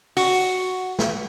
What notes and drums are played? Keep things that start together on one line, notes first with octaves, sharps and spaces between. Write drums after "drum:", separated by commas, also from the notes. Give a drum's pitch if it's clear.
F#4, drum: open hi-hat
drum: snare